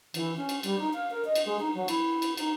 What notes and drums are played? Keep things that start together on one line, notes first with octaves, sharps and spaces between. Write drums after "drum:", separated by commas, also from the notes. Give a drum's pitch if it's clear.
E3, drum: cymbal
C#4
drum: cymbal
G3, drum: cymbal
D#4
F5
A#4
D#5
drum: cymbal
G#3
D#4
F#3
E4, drum: cymbal
drum: cymbal
D#4, drum: cymbal